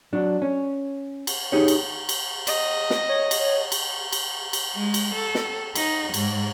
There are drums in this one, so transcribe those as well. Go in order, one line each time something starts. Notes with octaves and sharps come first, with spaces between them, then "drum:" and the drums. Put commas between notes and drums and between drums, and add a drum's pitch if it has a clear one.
F#3 D4
C#4
drum: cymbal
D#4 G4 G#4 C#5
drum: cymbal
drum: cymbal
D#5, drum: cymbal
drum: snare
C#5
drum: cymbal
drum: cymbal
drum: cymbal
drum: cymbal
G#3
drum: cymbal
A4
drum: snare
D#4, drum: cymbal
G#2, drum: cymbal